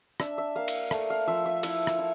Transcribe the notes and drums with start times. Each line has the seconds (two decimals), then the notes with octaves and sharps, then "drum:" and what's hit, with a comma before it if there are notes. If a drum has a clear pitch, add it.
0.20 D4 E5, drum: rim click
0.38 E5
0.56 A#3 F5
0.68 drum: cymbal
0.91 A3, drum: rim click
1.10 F5
1.28 F3 E5
1.46 E5
1.63 E4 E5, drum: cymbal
1.87 drum: rim click
1.99 E4